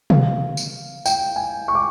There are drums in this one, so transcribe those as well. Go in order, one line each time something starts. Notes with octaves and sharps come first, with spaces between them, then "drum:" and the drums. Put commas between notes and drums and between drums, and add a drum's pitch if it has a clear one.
F5, drum: tom
drum: tambourine
G5, drum: tambourine
G#5
C#6
D6